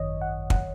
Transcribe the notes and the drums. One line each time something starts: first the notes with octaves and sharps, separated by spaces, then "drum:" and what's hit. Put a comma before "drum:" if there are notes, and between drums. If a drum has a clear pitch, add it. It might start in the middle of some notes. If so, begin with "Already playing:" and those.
Already playing: G#1 F#2 D#3 C#5 D#5
F#5
F#5, drum: kick